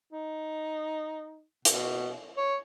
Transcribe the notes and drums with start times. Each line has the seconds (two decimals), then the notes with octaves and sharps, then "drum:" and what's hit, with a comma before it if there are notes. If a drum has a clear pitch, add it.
0.12 D#4
1.65 B2, drum: hi-hat
2.37 C#5